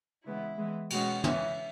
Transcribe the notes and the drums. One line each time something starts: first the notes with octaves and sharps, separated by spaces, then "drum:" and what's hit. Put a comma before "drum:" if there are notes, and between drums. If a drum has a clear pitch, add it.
C#3 E3 G#3 B3 E4
E3 G#3 B3
B2 G#3 C#4 F#4, drum: cymbal
C#3 E3 C#4 E5, drum: tom